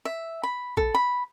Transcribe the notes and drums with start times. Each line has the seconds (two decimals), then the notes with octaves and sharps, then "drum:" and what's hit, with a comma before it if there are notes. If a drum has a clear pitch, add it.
0.05 E5
0.43 B5
0.77 A4, drum: kick
0.94 B5